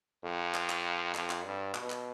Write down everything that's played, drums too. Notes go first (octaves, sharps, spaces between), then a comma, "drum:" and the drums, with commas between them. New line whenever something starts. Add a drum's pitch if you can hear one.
F2
drum: clap
drum: clap
F2, drum: clap
drum: clap
G2
B2, drum: clap
drum: clap